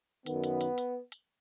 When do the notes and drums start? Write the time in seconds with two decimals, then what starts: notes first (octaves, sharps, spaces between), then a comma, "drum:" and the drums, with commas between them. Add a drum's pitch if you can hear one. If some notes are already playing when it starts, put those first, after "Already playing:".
0.26 F#2 D#3 B3, drum: hi-hat
0.44 drum: hi-hat
0.61 drum: hi-hat
0.78 drum: hi-hat
1.12 drum: hi-hat